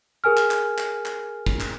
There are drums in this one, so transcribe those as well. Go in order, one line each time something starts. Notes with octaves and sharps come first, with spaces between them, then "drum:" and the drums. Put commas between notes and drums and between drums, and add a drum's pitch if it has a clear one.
G#4 A#4 G#5 F6
drum: clap
drum: clap
drum: clap
drum: clap
drum: kick
drum: clap